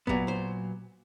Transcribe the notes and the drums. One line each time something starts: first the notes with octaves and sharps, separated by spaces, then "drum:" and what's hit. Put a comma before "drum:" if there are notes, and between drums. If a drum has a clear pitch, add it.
A#2 F#3 B3, drum: kick G#1
C5